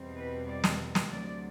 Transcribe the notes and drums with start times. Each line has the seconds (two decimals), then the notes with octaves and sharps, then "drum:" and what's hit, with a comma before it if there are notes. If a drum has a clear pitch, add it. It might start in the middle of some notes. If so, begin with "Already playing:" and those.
Already playing: E2 B2 G3 C4
0.16 B4
0.48 D5
0.64 drum: snare
0.95 drum: snare
1.10 D2 C3 F#3 D5